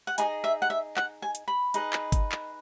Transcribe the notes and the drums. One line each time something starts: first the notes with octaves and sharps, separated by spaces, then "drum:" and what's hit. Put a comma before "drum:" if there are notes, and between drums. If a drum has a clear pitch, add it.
F#5
D#4 G#4 B4 D#5 G#5, drum: hi-hat
E5
F#5
E5
F#5, drum: clap
G#5
drum: hi-hat
B5
D#4 G#4 B4 D#5, drum: hi-hat
drum: clap
drum: kick G1, hi-hat
drum: clap